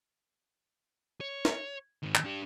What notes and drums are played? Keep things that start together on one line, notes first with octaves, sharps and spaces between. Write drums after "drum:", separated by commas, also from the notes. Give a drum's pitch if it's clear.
C#5
drum: snare
G#2 D#3
drum: clap
D4 G4